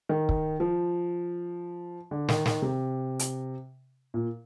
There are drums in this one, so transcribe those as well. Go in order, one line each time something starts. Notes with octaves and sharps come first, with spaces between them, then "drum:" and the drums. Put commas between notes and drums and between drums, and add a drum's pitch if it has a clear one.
D#3
drum: kick
F3
D3
D#3, drum: snare
D#3, drum: snare
C3
drum: hi-hat
A#2